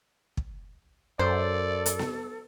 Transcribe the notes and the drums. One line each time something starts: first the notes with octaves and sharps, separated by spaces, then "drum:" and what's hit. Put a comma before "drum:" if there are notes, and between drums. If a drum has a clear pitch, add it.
drum: kick
F#2 A4 C5 D5
drum: hi-hat
drum: snare B3